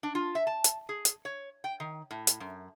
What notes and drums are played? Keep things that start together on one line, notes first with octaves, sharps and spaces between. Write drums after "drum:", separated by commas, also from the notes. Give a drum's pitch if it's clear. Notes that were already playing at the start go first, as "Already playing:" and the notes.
D4
F4
E5
A5
drum: hi-hat
G#4
drum: hi-hat
C#5
G5
D#3
A2
drum: hi-hat
F#2